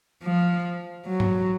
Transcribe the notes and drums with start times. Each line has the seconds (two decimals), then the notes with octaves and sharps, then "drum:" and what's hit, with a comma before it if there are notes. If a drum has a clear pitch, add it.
0.23 F3
1.05 F#3
1.20 drum: tom G#2